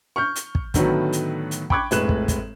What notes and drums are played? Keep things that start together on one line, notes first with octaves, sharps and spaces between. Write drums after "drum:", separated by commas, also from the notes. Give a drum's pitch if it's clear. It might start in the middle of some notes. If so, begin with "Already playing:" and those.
C#6 F6 G6
drum: hi-hat
drum: kick
A2 D3 D#3 F#3 A3 B3, drum: kick, hi-hat
drum: hi-hat
drum: hi-hat
G5 B5 C#6 D6 F#6 G#6, drum: kick
F1 A2 G#3 B4 F#6 E7, drum: hi-hat
drum: kick
drum: kick, hi-hat